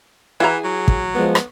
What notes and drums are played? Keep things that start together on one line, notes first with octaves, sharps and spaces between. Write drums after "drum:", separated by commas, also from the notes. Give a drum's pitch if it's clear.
E3 E4 F#4 G#4 A#5
F#3
drum: kick
F3 G#3 B3
drum: rim click